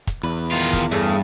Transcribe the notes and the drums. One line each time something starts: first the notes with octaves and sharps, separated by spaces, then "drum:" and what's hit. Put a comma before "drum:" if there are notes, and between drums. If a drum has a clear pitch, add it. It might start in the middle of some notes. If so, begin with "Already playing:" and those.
drum: kick, hi-hat
E2 B4
D#3 F4
drum: kick, hi-hat
G2 A3 C#4 G#4